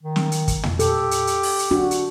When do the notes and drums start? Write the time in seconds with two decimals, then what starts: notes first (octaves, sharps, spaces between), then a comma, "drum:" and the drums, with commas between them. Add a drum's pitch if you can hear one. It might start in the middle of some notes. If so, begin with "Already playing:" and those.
0.03 D#3
0.16 drum: snare
0.32 drum: hi-hat
0.48 drum: kick, hi-hat
0.63 drum: tom
0.79 G4 A4, drum: hi-hat
1.11 drum: hi-hat
1.27 drum: hi-hat
1.43 drum: open hi-hat
1.59 drum: hi-hat
1.71 D4 F#4
1.91 drum: hi-hat